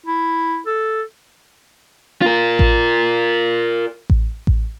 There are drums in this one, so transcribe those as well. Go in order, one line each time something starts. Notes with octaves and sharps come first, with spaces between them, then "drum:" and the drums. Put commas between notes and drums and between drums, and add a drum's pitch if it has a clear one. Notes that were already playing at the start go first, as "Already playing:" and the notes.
E4
A4
F4 A#4
drum: kick A1
drum: kick A1
drum: kick A1